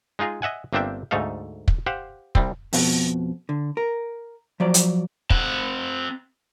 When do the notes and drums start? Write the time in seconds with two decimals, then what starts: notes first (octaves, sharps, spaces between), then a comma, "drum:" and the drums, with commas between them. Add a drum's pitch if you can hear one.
0.19 G#3 D#4 F4 G#4 D#5
0.42 D#5 E5 F#5 G#5
0.73 G1 A#3 C4 D4 E5 G5
1.11 D2 G#2 A3 D#4 A4 F5
1.68 drum: kick
1.86 G4 C5 F5 F#5
2.35 C2 G3 C4, drum: kick
2.73 F2 B2, drum: open hi-hat
3.49 D3
3.77 A#4
4.60 F3 F#3 D5
4.74 drum: hi-hat
5.30 C4 F#5, drum: kick